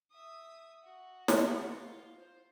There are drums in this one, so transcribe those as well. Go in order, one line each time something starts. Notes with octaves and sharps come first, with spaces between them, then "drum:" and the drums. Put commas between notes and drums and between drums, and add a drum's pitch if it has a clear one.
E5 D#6
F#4
drum: snare
F4
C5